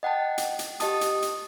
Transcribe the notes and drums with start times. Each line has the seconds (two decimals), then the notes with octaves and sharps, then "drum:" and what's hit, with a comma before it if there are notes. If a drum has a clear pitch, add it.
0.03 D#5 F#5 G5 A5
0.38 drum: hi-hat
0.59 drum: hi-hat
0.80 G4 D#5 A5 D#6, drum: hi-hat
1.01 drum: hi-hat
1.22 drum: hi-hat